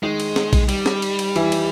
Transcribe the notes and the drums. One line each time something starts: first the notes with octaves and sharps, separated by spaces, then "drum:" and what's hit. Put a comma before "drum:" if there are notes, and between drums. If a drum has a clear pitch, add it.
D#3 G#3 D#4
drum: cymbal
drum: snare
drum: kick B1, cymbal
G3, drum: cymbal
drum: snare
drum: cymbal
drum: cymbal
E3 E4, drum: cymbal
drum: cymbal